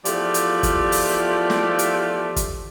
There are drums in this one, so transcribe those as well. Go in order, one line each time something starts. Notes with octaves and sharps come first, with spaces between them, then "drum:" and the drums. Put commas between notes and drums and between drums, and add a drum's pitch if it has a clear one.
E2 F3 A3 F4 G4 D5, drum: hi-hat
drum: hi-hat
drum: kick, hi-hat
drum: open hi-hat
drum: snare
drum: hi-hat
drum: kick, hi-hat